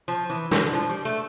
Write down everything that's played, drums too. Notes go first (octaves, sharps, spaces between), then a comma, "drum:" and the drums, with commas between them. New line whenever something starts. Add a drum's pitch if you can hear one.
F3
E3
D3, drum: snare
F3
G3
A3